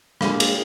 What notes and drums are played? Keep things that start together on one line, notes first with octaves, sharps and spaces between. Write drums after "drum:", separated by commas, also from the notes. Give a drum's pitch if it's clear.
D3 G#3 A#3 D4 G#4, drum: rim click
drum: cymbal